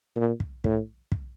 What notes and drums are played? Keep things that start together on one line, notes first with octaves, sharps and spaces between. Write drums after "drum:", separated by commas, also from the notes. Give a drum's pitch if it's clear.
A#2
drum: kick
A2, drum: kick
drum: kick